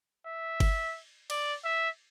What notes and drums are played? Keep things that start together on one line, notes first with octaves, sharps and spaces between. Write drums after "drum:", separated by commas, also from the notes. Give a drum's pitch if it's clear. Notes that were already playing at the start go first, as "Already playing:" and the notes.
E5
drum: kick G1, cymbal
D5, drum: cymbal
E5